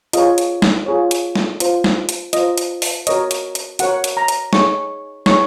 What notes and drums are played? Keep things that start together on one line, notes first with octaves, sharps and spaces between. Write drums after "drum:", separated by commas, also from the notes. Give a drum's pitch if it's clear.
F4 G#4 C#5 D#5, drum: hi-hat
drum: hi-hat
drum: snare
F4 G#4 C#5
drum: hi-hat
drum: snare
F4 C5, drum: hi-hat
drum: snare
drum: hi-hat
F4 C5 D#5, drum: hi-hat
drum: hi-hat
drum: open hi-hat
F#4 A#4 C#5 D#5, drum: hi-hat
drum: hi-hat
drum: hi-hat
F#4 A#4 C#5 F#5, drum: hi-hat
drum: hi-hat
A#5
drum: hi-hat
D#4 G#4 C#5 C#6, drum: snare
D#4 G#4 C#5 C#6, drum: snare